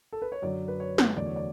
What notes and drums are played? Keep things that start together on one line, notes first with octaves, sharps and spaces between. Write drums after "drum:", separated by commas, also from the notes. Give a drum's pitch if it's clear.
A4
B4
C#5
F#2 D3 F#3 D5
B4
C#5
drum: snare
E2 D3 F#3 A3 D5
C#5
D5